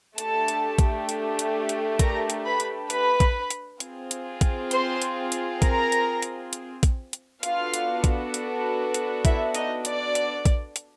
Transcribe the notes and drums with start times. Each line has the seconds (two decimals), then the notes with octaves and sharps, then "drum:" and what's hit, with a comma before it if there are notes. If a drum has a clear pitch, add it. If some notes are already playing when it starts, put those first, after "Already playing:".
0.18 A3 D4 G4 A4 A5, drum: hi-hat
0.48 drum: hi-hat
0.79 drum: kick, hi-hat
1.09 drum: hi-hat
1.39 drum: hi-hat
1.69 drum: hi-hat
1.99 A#4 A#5, drum: kick, hi-hat
2.30 drum: hi-hat
2.45 B4 B5
2.60 drum: hi-hat
2.90 B4 B5, drum: hi-hat
3.20 drum: kick, hi-hat
3.50 drum: hi-hat
3.80 C4 F4 G#4, drum: hi-hat
4.11 drum: hi-hat
4.41 drum: kick, hi-hat
4.71 C5 C6, drum: hi-hat
5.02 drum: hi-hat
5.32 drum: hi-hat
5.62 A#4 A#5, drum: kick, hi-hat
5.92 drum: hi-hat
6.22 drum: hi-hat
6.53 drum: hi-hat
6.83 drum: kick, hi-hat
7.13 drum: hi-hat
7.43 B3 D4 F4 F#4 A4 F5, drum: hi-hat
7.74 drum: hi-hat
8.04 drum: kick, hi-hat
8.34 drum: hi-hat
8.94 drum: hi-hat
9.25 E4 E5, drum: kick, hi-hat
9.54 D#4 D#5, drum: hi-hat
9.85 D5, drum: hi-hat
10.15 drum: hi-hat
10.46 drum: kick, hi-hat
10.76 drum: hi-hat